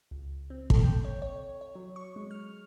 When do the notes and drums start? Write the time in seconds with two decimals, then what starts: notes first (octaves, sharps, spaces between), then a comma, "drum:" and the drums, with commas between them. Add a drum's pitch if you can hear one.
0.11 C#2
0.50 C4
0.70 A4, drum: kick
0.83 G5
1.04 C#5
1.22 C#5
1.61 C#5
1.75 F#3
1.96 C#6
2.16 G#3
2.31 F6